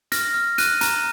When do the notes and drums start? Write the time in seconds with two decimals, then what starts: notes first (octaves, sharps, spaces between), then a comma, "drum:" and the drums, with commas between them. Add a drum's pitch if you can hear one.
0.12 F6 A#6, drum: hi-hat
0.34 F6
0.58 F#6 D#7, drum: hi-hat
0.81 A#5, drum: hi-hat